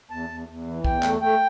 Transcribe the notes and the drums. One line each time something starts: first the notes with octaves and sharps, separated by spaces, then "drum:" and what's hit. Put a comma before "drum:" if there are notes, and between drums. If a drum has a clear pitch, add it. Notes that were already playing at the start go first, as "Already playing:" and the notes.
E2 A5
E2
E2
E3
E2 G5, drum: kick
A3, drum: clap
A3 G5